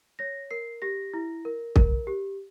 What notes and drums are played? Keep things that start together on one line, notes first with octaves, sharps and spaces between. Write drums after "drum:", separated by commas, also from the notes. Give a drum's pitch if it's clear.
C#5 A#6
A#4 C7
G4 A#6
E4
A#4
A#4, drum: kick
G4